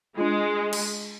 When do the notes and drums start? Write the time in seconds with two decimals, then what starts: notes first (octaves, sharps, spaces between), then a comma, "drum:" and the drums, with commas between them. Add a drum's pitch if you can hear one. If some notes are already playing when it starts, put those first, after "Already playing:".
0.18 G#3 D4 F4
0.73 drum: cymbal